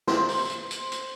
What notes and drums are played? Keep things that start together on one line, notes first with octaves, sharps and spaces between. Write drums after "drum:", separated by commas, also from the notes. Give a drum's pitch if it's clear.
C5, drum: snare
drum: open hi-hat
drum: hi-hat
drum: hi-hat
drum: hi-hat